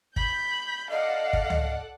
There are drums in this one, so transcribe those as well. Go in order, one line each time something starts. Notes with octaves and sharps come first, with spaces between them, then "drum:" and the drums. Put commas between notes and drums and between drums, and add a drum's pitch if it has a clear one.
B5 G6, drum: kick
A4 D5 D#5 F5 F#5
drum: kick
drum: tom C#2